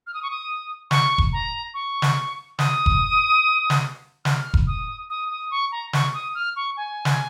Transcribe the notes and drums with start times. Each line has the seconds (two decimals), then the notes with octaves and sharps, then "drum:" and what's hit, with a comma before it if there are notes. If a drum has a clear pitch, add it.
0.07 F6
0.14 D#6
0.23 C#6
0.31 D#6
0.91 C#6, drum: snare
1.18 drum: kick F1
1.33 A#5
1.74 C#6
2.02 drum: snare
2.59 D#6, drum: snare
2.86 drum: kick F1
3.70 drum: snare
4.25 F6, drum: snare
4.54 drum: kick F1
4.67 D#6
5.10 D#6
5.31 D#6
5.51 C#6
5.72 A#5
5.93 C#6, drum: snare
6.14 D#6
6.35 F6
6.56 C#6
6.77 G#5
7.05 drum: snare